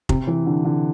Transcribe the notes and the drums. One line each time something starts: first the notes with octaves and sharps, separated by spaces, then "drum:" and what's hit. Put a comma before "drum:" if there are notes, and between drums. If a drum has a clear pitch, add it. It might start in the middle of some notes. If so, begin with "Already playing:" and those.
C3, drum: kick F1
E3
D3
D3